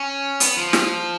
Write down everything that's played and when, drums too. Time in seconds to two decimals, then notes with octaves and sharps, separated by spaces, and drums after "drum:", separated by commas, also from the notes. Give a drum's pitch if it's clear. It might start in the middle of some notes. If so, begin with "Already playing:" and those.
Already playing: C#4
0.40 B3, drum: hi-hat
0.57 F3
0.73 drum: snare